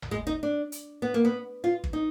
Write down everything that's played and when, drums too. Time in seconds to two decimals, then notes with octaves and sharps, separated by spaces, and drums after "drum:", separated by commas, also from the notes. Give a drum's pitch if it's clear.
0.02 drum: tom G1
0.11 G#3
0.27 D#4
0.43 D4
0.72 drum: hi-hat
1.02 B3
1.14 A#3
1.25 B3
1.64 F4
1.84 drum: kick
1.93 D#4